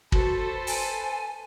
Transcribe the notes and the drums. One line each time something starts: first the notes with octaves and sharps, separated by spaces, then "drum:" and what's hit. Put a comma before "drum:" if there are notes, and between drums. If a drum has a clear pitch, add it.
F#4 A4 B4 C5, drum: kick
G#5, drum: open hi-hat